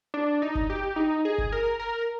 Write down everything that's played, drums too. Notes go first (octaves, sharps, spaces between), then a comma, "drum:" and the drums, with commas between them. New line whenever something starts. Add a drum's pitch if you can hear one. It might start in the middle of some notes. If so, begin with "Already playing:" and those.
D4
D#4
drum: kick F#1
G4
D#4
G#4
drum: kick F#1
A#4
A#4